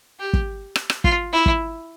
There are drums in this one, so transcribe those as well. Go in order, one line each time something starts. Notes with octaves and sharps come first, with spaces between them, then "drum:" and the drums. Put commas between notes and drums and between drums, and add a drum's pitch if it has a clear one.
G4
drum: kick
drum: rim click
drum: rim click
F4, drum: kick
E4
drum: kick